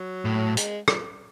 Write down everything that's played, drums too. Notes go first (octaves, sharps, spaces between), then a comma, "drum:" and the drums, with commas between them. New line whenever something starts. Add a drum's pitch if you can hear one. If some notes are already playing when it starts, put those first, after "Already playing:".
Already playing: F#3
A2
G#3, drum: hi-hat
drum: rim click